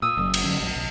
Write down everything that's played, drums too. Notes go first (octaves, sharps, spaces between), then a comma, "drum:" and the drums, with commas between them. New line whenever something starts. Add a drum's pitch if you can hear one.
A#2 D#6 E6
F#1 F#3
drum: cymbal
D3 F#3 C#4
A#1
B1